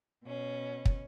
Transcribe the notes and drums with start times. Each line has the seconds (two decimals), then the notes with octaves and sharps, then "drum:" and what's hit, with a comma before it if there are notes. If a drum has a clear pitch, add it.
0.24 B2 C#4
0.85 drum: kick